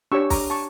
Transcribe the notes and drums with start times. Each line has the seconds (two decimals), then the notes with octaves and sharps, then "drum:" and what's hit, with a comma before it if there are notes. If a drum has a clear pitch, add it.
0.12 D4 G4 C#5 C#6 E6
0.30 A#5 D6, drum: kick, open hi-hat
0.50 A5 C#6